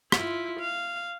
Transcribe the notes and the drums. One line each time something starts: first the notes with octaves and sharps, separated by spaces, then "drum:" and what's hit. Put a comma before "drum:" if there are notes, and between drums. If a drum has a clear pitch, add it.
E4 F4, drum: rim click
F5